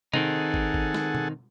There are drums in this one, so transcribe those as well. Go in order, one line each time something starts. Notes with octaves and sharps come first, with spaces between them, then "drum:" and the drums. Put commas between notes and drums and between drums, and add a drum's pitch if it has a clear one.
D#3 C4 D#4 G#4 A4 F#5, drum: tom C3
drum: kick
drum: kick
drum: snare
drum: tom B2